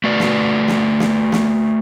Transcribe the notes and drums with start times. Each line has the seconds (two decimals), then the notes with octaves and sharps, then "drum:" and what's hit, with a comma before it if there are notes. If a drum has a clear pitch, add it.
0.04 A3 F#4 B4 D5
0.20 drum: snare
0.68 drum: snare
1.00 drum: snare
1.32 drum: snare